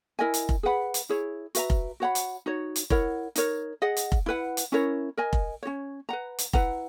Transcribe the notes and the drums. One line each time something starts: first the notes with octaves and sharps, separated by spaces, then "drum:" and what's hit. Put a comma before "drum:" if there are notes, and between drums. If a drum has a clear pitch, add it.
E4 A#4 D#5 G#5
drum: hi-hat
drum: kick F1
G#4 B4 F#5 B5
drum: hi-hat
E4 G#4 C#5
F#4 B4 E5 A#5, drum: hi-hat
drum: kick F1
F#4 C#5 F#5 B5
drum: hi-hat
D#4 F#4 C#5
drum: hi-hat
E4 A#4 C#5 F#5, drum: kick F1
D#4 A#4 C#5, drum: hi-hat
G#4 D#5 F#5
drum: hi-hat
drum: kick F1
E4 B4 F#5
drum: hi-hat
C#4 E4 A#4 C#5
A#4 D#5 G#5
drum: kick F1
C#4 F#4 C#5
B4 F#5 A#5
drum: hi-hat
E4 B4 F#5 A#5, drum: kick F1